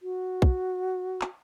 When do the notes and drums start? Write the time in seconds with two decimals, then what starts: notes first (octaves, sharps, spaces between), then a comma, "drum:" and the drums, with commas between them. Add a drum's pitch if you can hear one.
0.02 F#4
0.42 drum: kick
1.21 drum: clap